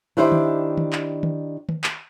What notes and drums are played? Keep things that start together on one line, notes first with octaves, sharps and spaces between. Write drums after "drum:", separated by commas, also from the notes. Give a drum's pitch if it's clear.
D#3 D4 E4 G4 C5
drum: tom D#3
drum: tom D#3
drum: clap
drum: tom D#3
drum: tom D#3
drum: clap